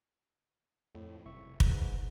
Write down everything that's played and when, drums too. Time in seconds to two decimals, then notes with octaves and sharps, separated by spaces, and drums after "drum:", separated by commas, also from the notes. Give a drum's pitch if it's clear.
0.95 F2 A2
1.25 F#1 C2 E5 C#6
1.60 G#2 B4, drum: kick